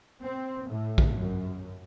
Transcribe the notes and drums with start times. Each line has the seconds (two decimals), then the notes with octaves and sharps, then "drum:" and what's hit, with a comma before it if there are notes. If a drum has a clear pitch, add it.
0.23 C4
0.69 A2
0.98 drum: kick A#1
1.16 F#2